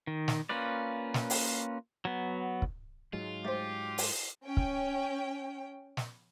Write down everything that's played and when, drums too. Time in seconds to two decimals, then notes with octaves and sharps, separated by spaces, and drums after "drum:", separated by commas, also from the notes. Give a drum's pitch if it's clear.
0.07 D#3
0.28 drum: snare
0.49 A#3 C#4 F4 B4 D5
1.14 drum: snare
1.30 drum: open hi-hat
2.05 F#3 B3
2.62 drum: kick
3.13 G#2 F#3 G#3 F4
3.45 A3 G4 C5
3.98 drum: open hi-hat
4.45 C#4 G5
4.57 drum: kick
5.97 drum: snare